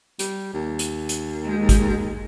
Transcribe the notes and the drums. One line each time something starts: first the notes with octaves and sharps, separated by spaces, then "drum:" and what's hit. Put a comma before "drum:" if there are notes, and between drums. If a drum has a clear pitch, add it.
G3, drum: hi-hat
D#2
drum: hi-hat
drum: hi-hat
G#3
drum: kick G#1, hi-hat